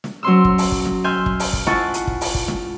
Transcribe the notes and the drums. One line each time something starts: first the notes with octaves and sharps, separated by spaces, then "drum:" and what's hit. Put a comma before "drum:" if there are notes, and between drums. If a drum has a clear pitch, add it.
drum: snare
F#3 C#4 C6 E6
drum: kick
drum: open hi-hat
drum: kick
drum: snare
E5 G#5 C6 F6 G6
drum: kick
drum: open hi-hat
drum: kick
E4 F4 F#5 G#5 A5 C#6, drum: snare
drum: hi-hat
drum: kick
drum: open hi-hat
drum: kick
drum: snare